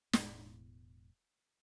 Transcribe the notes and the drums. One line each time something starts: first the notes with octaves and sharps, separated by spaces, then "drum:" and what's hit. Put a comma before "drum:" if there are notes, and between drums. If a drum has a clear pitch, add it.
E1 A2 G#3 B3, drum: snare